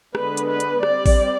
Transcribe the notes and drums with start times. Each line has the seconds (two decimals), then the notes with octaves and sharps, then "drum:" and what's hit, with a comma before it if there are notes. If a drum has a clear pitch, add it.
0.15 D3 G#3 B3 D4 B4, drum: rim click
0.37 drum: hi-hat
0.49 B4
0.60 drum: hi-hat
0.83 G3 C4 D5, drum: rim click
1.06 drum: kick A1, open hi-hat